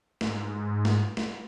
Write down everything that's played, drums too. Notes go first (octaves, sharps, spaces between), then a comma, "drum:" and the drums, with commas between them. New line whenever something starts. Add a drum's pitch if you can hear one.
G#2, drum: snare
drum: snare
drum: snare